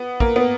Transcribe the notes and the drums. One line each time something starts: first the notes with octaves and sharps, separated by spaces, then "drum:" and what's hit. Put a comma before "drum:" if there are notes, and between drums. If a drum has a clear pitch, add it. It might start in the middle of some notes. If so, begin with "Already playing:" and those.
Already playing: B3
A#3, drum: kick
B3